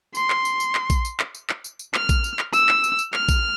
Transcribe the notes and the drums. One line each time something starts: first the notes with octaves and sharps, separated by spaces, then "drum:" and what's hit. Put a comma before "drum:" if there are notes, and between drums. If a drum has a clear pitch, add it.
C6, drum: tambourine
drum: clap
drum: tambourine
drum: tambourine
drum: clap
drum: kick A#1, tambourine
drum: tambourine
drum: clap
drum: tambourine
drum: clap
drum: tambourine
drum: tambourine
F6, drum: clap
drum: kick A#1, tambourine
drum: tambourine
drum: clap
E6, drum: tambourine
drum: clap
drum: tambourine
drum: tambourine
F6, drum: clap
drum: kick A#1, tambourine